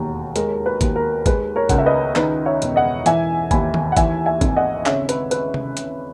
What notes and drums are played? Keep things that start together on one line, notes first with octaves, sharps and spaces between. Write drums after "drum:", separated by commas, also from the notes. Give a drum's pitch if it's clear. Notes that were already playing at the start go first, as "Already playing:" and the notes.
Already playing: E1 D#2 F#3
G#3 A#4, drum: hi-hat
B4
D#2, drum: kick G#1, hi-hat
A#4
G#3 B4, drum: kick G#1, hi-hat
A#4 C#5
C#2 F#5, drum: kick G#1, hi-hat
E5
B4 D#5
D#3 B4 D#5, drum: clap
C#5 E5
E1, drum: hi-hat
D#5 F#5
E3 E5 G#5, drum: hi-hat
D#2 G#5 B5, drum: kick G#1, hi-hat
drum: tom D#3
F#5
E3 E5 G#5, drum: kick G#1, hi-hat
E5 G#5
G#1, drum: kick G#1, hi-hat
D#5 F#5
C#3 C#5 E5, drum: clap
B4, drum: hi-hat
B4, drum: hi-hat
drum: tom C3
drum: hi-hat